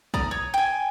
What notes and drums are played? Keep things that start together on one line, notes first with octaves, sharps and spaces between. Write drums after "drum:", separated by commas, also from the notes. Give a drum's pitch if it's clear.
D5 A#5 D#6, drum: kick
C#5
G5 G#5